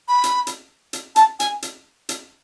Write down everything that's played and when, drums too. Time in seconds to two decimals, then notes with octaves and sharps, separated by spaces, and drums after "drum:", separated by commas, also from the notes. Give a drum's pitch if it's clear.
0.08 B5
0.24 drum: hi-hat
0.47 drum: hi-hat
0.93 drum: hi-hat
1.16 A5, drum: hi-hat
1.40 G#5, drum: hi-hat
1.62 drum: hi-hat
2.09 drum: hi-hat